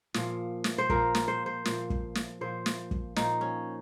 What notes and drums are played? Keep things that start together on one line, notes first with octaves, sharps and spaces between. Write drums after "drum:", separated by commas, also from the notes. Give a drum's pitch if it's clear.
A#2 F3, drum: snare
drum: snare
C5
A#2 F3 A#4, drum: kick
drum: snare
C5
C5
A#2 F3, drum: snare
drum: kick
drum: snare
A#2 F3 C5
drum: snare
drum: kick
A#2 F3 D#4, drum: snare
C#4